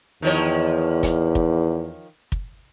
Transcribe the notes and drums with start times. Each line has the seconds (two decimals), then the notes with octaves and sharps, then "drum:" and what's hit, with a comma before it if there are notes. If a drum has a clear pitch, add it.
0.22 E2 D#3 F3 C#5
1.03 drum: kick, hi-hat
1.35 drum: kick
2.32 drum: kick